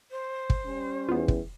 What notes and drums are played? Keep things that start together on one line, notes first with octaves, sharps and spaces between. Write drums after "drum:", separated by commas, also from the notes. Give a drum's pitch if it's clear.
C5
drum: kick
G3 C#4
E2 B3 F4
drum: kick